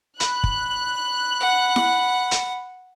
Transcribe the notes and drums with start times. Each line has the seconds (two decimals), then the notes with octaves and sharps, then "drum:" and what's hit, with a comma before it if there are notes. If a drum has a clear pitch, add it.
0.20 B5 F#6, drum: hi-hat
0.44 drum: kick
1.41 F#5
1.76 drum: snare E4
2.31 drum: hi-hat